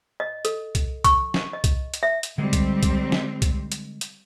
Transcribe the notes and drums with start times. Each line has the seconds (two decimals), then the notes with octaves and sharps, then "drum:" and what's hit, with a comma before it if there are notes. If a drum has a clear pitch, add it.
0.20 D#5
0.45 A4, drum: hi-hat
0.75 drum: kick C2, hi-hat
1.04 C#6, drum: kick C2, hi-hat
1.34 drum: snare
1.53 D#5
1.64 drum: kick C2, hi-hat
1.94 drum: hi-hat
2.03 E5
2.23 drum: hi-hat
2.38 D3 G3 G#3 C4
2.53 drum: kick C2, hi-hat
2.83 drum: kick C2, hi-hat
3.12 drum: snare
3.42 drum: kick C2, hi-hat
3.72 drum: hi-hat
4.01 drum: hi-hat